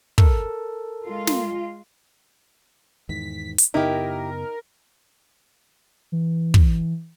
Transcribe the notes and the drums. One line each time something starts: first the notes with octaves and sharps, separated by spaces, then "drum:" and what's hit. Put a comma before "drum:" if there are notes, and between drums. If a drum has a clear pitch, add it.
A4 A#4, drum: kick
G#3 F4
drum: snare
E2 G#2 D#3 B6
drum: hi-hat
F#2 C#3 B3 D#4 E4 G4 A#4
E3
drum: kick